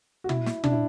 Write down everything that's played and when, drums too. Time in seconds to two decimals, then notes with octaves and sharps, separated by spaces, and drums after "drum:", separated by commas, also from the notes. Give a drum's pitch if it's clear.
0.24 F#4
0.29 E4, drum: tom
0.46 drum: snare
0.64 D4, drum: tom
0.72 E4